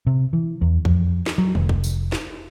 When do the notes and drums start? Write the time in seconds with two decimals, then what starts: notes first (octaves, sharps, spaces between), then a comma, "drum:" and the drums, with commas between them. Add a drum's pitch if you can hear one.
0.07 C3
0.33 E3
0.62 E2
0.85 F2, drum: kick
1.26 drum: snare
1.38 F#3
1.55 F1, drum: tom D3
1.69 drum: kick
1.84 drum: tambourine
2.12 drum: snare